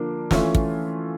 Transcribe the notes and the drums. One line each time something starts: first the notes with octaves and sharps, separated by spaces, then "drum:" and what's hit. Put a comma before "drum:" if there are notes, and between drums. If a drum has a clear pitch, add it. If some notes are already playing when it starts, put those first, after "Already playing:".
Already playing: D3 F3 A#3 D4
E3 A3 C#4 F4, drum: snare
drum: kick